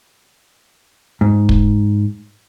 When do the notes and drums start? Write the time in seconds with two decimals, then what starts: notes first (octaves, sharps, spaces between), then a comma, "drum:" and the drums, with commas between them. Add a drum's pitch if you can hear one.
1.21 G#2
1.49 drum: kick